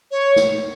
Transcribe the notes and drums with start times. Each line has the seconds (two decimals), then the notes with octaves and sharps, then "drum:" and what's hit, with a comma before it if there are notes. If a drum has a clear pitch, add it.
0.11 C#5
0.36 drum: snare